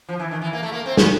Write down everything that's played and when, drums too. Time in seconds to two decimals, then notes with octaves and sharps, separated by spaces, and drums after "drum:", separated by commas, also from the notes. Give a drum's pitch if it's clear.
0.09 F3
0.19 E3
0.31 D#3
0.42 E3
0.53 A#3
0.63 A3
0.72 A#3
0.86 C4
0.97 B3, drum: snare